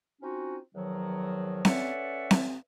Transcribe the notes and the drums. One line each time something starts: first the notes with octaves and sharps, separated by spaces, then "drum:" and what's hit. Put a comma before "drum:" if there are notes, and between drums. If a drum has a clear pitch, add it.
C4 C#4 D#4 F4 F#4
E2 D#3 F3 F#3
C#4 A4 B4 D5 E5 F#5, drum: snare C4
drum: snare C4